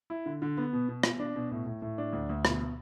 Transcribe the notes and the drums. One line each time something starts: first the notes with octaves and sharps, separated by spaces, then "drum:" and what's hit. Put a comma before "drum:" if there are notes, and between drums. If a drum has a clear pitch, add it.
E4
D3
D3
B3
B2
B2
B2, drum: rim click
D4
B2
A2
A2
A2
D4
D2
D2
B2, drum: rim click